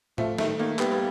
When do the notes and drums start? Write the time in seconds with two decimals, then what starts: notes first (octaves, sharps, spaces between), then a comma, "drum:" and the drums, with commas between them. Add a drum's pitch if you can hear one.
0.18 F3 A3, drum: tom A2
0.38 D#3 A3, drum: snare
0.59 D#3 A#3
0.79 G3 B3, drum: clap
0.91 B3